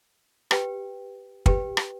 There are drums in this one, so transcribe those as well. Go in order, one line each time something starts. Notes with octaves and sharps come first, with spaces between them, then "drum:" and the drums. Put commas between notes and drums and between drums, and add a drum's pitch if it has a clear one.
G4 B4 G5, drum: rim click
G4 B4 G5, drum: kick
drum: rim click